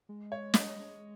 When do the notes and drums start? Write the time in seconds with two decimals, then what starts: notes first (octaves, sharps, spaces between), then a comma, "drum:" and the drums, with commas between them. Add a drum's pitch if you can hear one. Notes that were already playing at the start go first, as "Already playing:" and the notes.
0.09 G#3
0.32 C#5
0.54 D#5, drum: snare